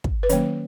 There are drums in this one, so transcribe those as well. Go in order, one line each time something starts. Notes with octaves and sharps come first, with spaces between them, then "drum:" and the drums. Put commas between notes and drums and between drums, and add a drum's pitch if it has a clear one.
drum: kick
B4
D#3 F#3 A#3 C#4 C#5, drum: hi-hat